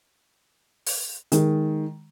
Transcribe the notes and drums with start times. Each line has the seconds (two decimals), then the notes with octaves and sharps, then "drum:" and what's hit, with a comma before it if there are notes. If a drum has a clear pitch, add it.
0.87 drum: open hi-hat
1.32 D#3 G#3, drum: hi-hat